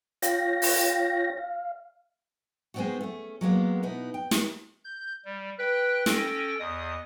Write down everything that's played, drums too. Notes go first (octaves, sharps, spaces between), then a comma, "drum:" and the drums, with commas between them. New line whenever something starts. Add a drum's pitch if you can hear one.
F4 C#5 F5 G5 A#6, drum: hi-hat
drum: open hi-hat
F5
G#3 B3 C4 D4 D#4 F#4
A3 C#4
F#3 G#3 A#3 B3
B2 B3 D#4 E4
G5
drum: snare
G6
G3
B4 G5 F#6
C#4 A4 G5 A#6, drum: snare
E2 D#5 D#6